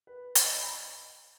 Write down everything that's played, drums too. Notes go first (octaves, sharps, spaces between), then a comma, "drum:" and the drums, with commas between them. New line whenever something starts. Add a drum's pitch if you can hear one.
B4
C#5, drum: hi-hat
D#5
B5
A#5